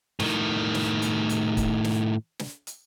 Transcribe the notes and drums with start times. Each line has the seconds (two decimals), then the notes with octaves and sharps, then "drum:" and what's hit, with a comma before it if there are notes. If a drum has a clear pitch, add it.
0.20 A2 D#3, drum: snare
0.74 drum: snare
1.02 drum: hi-hat
1.29 drum: hi-hat
1.57 drum: kick, hi-hat
1.84 drum: snare
2.39 drum: snare
2.67 drum: hi-hat